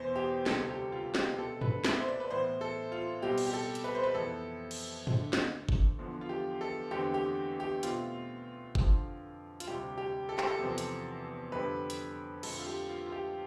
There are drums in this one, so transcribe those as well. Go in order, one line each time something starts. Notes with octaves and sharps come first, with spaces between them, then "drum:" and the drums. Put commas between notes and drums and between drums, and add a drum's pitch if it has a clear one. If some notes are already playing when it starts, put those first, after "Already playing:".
Already playing: E2 B2 B3 C5
G4
D2 C3 G3 C4 A4, drum: snare
G4
F4
G4, drum: snare
B2 A3 C4 A4
B4, drum: tom
E5, drum: snare
C5
D5
B4
A2 E3 B3 C5
A4
F4
B2 G3 C4 G4
drum: cymbal
G4
A4
drum: hi-hat
B4
C5
B4
F2 E3 B3 A4
drum: cymbal
D2 D3 A3, drum: tom
drum: snare
drum: kick G1
E2 D3 F3 B3
F4
G4
A4
E2 D3 A3 C4 G4
G4
G4
B2 A3 C4 F4, drum: hi-hat
F2 D3 F3, drum: kick G1
F4, drum: hi-hat
D2 C3 G3 G4
G4
A4
G4, drum: clap
A4
E2 C3 F3 C4
drum: hi-hat
F2 D3 G3 B4
drum: hi-hat
F2 D3 A3 C4 A4, drum: cymbal
F4
G4
F4
F4
G4